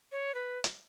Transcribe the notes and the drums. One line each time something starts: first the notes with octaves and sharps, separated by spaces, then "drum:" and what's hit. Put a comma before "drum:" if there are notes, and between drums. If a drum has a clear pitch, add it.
C#5
B4
drum: hi-hat